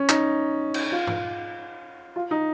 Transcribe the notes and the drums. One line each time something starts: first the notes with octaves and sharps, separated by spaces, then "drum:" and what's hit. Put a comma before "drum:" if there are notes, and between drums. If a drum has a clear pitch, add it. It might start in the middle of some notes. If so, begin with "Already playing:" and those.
Already playing: C#4
D#4, drum: clap
drum: cymbal
F4
drum: tom G#2
F4
D#4